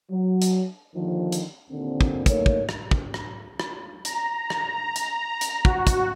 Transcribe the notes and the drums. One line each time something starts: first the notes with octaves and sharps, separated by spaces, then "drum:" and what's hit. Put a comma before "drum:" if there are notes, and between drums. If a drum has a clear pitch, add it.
F#3
drum: hi-hat
D#2 D3 D#3 F3
drum: hi-hat
D#2 A#2 D3 C4
drum: kick
A3 A#3 D#4 A#4 C#5, drum: kick, hi-hat
drum: kick
drum: rim click
drum: kick
drum: rim click
drum: rim click
A#5, drum: hi-hat
drum: rim click
drum: hi-hat
drum: hi-hat
F#4, drum: kick
drum: kick, hi-hat